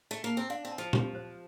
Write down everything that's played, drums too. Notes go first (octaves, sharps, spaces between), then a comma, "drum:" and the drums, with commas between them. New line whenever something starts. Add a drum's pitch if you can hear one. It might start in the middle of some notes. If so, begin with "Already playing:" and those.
A3
A#3
C4
D4 F5
C4
A5
F3
G4, drum: tom A#2
C5